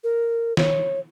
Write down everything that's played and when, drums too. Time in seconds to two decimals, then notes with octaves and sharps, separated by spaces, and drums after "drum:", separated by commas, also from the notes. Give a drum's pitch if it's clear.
0.04 A#4
0.57 C#5, drum: snare